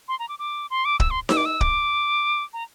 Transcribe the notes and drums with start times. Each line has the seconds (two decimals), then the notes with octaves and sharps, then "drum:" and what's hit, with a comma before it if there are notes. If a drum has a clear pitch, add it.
0.08 C6
0.19 A#5
0.29 D6
0.39 D6
0.70 C6
0.85 D6
1.00 E6, drum: kick
1.11 C6
1.29 E6, drum: snare D#4
1.37 D6
1.46 E6
1.61 D6, drum: kick
2.53 A#5